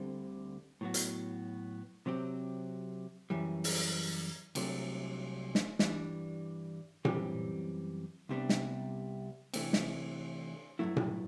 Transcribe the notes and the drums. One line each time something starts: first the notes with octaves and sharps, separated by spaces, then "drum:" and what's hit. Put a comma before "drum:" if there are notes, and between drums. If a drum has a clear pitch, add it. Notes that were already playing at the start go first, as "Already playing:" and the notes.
Already playing: D2 D3 G3 C4
A2 F#3 B3 F#4
drum: hi-hat
C3 F#3 C4 G4
F#2 E3 G3
drum: open hi-hat
C2 C3 F#3 A3, drum: cymbal
drum: snare
G2 E3 G3 D4, drum: snare
F#2 E3 G3 C4 G4, drum: tom A#2
C2 C3 G3 B3 D4
drum: snare
C3 E3 A3 C4, drum: cymbal
drum: snare
G2 F#3 A3 E4
drum: tom A#2